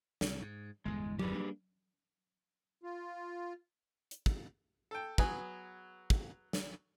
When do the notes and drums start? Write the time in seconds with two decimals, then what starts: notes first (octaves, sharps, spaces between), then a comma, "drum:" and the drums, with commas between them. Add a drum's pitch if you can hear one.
0.21 C2 C#3, drum: snare
0.42 G#2
0.85 G1 E2 A2 G#3
1.19 G4 G#4 B4, drum: tom F#3
1.33 G3 A#3 D4
2.83 F4
4.11 drum: hi-hat
4.26 drum: kick
4.91 A4 G5
5.18 F#3 B3 G#4 B4, drum: kick
6.10 drum: kick
6.53 drum: snare